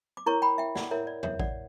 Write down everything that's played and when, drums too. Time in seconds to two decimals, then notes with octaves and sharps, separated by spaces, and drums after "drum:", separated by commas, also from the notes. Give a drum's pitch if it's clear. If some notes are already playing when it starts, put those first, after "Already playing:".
0.17 D6
0.26 E4 A#4 C#5 A#5 C#6
0.42 G5 B5
0.58 E5 G5
0.75 D5 F#5, drum: snare
0.91 E4 A#4 C#5 E5
1.07 D5
1.23 C#5 E5, drum: tom
1.40 D5 F#5, drum: kick A1